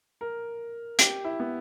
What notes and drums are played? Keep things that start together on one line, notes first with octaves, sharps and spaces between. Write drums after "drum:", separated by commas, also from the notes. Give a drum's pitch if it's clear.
A#4
G4, drum: hi-hat
E4
B3